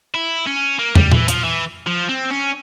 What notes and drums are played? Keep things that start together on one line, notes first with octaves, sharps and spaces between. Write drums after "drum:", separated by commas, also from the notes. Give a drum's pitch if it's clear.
E4
C#4
A#3
G3, drum: tom
E3, drum: tom A#2
F3, drum: hi-hat
E3
F3
C4
C#4